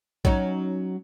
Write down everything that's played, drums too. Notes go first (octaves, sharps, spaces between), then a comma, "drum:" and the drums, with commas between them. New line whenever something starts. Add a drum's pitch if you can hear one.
F#3 C#4 D#4, drum: kick A#1